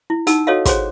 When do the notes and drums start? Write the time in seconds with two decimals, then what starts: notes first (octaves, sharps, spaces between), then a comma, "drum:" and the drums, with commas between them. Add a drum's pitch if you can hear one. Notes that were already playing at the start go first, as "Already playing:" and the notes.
0.10 E4
0.27 D#4 F#5 A5 E6, drum: hi-hat
0.47 F#4 A4 C#5 D#5 F5 F#5
0.65 G#4 C5 C#5 F#5 C6 D6, drum: kick, hi-hat